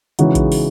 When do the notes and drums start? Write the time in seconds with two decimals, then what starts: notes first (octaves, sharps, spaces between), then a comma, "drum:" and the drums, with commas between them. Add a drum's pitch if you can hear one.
0.19 C#3 E3 G#3 D#4 F#4, drum: hi-hat
0.35 drum: kick A#1, hi-hat
0.52 drum: open hi-hat